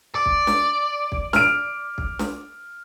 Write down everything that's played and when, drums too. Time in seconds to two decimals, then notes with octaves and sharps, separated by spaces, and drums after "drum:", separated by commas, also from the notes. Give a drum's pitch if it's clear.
0.15 D5
0.26 drum: kick
0.47 drum: snare
1.12 drum: kick
1.33 F6 D7, drum: snare
1.98 drum: kick
2.19 drum: snare